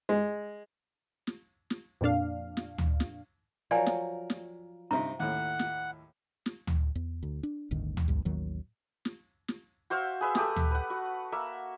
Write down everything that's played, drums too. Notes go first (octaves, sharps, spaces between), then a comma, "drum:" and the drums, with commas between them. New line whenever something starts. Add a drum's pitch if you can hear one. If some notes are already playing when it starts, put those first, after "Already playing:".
G#3
drum: snare
drum: snare
F2 A#2 D4 F5
drum: snare
drum: tom D2
drum: snare
F3 F#3 A#4 D5 G5 G#5
drum: snare
drum: snare
G2 C3 D#4 A#5
D#2 A2 F#5
drum: snare
drum: snare
drum: tom D2
E2
D2
D4
G1 D2 A2 D#3
drum: tom D2
A#1 G2
A1 D#2 D#3 F#3
drum: snare
drum: snare
F#4 C5 E5 F5
G#4 B4 E5
A3 G4 D#6, drum: snare
drum: tom D2
B4 F#5
F#4
A#3 E5